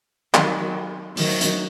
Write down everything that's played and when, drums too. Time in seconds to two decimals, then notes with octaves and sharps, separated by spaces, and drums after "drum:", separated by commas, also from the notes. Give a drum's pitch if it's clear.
0.34 D#3 F#3, drum: clap
1.17 D#3 F#3, drum: open hi-hat
1.41 drum: hi-hat